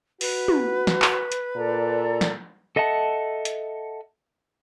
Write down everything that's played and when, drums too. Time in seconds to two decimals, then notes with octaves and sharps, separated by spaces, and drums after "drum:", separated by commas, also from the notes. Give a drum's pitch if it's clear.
0.21 F#4 B4, drum: open hi-hat
0.48 drum: tom
0.87 drum: snare
1.02 drum: clap
1.32 drum: hi-hat
1.56 A#2 A4 D5 A#5
2.21 drum: snare
2.76 A4 D#5 E5 F#5 A5
3.45 drum: hi-hat